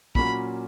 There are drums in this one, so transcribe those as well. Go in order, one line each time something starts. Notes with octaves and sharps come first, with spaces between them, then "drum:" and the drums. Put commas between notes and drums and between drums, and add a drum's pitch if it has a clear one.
A#2 F#3 A#3 C#4 F#4 B5, drum: kick